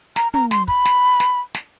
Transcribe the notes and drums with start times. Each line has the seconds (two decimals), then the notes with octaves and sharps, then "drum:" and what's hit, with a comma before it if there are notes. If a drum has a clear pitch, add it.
0.16 A#5, drum: snare
0.34 A#5, drum: tom
0.51 C6, drum: snare
0.68 B5, drum: kick
0.85 drum: snare
1.20 drum: snare
1.54 drum: snare